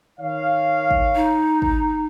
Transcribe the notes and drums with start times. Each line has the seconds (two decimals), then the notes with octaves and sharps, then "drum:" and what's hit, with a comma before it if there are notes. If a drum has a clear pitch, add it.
0.19 D#3 C#5 F5
0.91 drum: kick
1.15 D#4
1.62 drum: kick